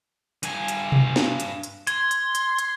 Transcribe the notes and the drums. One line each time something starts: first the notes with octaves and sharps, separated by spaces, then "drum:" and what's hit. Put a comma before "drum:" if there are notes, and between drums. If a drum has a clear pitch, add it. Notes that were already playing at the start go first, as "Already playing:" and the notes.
G2 G#5, drum: hi-hat
drum: hi-hat
drum: tom B2
drum: snare
drum: hi-hat
drum: hi-hat
C6 G#6, drum: hi-hat
drum: hi-hat
drum: hi-hat
drum: hi-hat